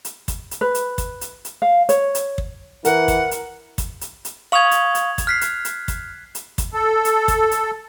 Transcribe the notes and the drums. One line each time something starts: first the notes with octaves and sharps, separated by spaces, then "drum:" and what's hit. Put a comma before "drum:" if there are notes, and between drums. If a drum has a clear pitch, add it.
drum: hi-hat
drum: kick, hi-hat
drum: hi-hat
B4
drum: hi-hat
drum: kick, hi-hat
drum: hi-hat
drum: hi-hat
F5
C#5, drum: hi-hat
drum: hi-hat
drum: kick
E3 A#4 F#5, drum: hi-hat
drum: kick, hi-hat
drum: hi-hat
drum: kick, hi-hat
drum: hi-hat
drum: hi-hat
F5 C#6 D#6 G#6 F7 F#7
drum: hi-hat
drum: hi-hat
drum: kick, hi-hat
F6 F#6 B6 C7
drum: hi-hat
drum: hi-hat
drum: kick, hi-hat
drum: hi-hat
drum: kick, hi-hat
A4
drum: hi-hat
drum: kick, hi-hat
drum: hi-hat